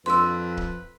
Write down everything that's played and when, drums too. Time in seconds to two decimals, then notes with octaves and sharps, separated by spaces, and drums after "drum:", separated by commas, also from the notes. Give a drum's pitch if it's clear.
0.06 F2 B4 C6 E6, drum: snare D4
0.57 drum: kick